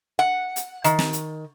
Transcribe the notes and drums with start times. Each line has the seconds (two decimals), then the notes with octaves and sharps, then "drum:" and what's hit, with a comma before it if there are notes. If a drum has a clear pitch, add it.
0.19 F#5
0.56 drum: hi-hat
0.84 D#3, drum: hi-hat
0.99 drum: snare
1.13 drum: hi-hat